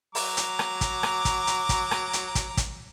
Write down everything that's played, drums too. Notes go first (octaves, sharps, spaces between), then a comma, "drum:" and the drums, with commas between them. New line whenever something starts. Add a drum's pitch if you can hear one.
F#3 A#5 D6, drum: open hi-hat
drum: hi-hat
drum: rim click
drum: kick, hi-hat
drum: rim click
drum: kick, hi-hat
drum: hi-hat
drum: kick, hi-hat
drum: rim click
drum: hi-hat
drum: kick, hi-hat
drum: kick, hi-hat